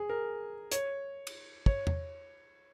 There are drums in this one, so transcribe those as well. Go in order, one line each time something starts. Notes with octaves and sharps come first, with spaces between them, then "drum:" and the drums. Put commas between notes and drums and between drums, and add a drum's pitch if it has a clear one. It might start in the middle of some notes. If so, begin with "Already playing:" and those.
Already playing: G#4
A#4
C#5, drum: hi-hat
drum: cymbal
C#5, drum: kick
drum: tom E2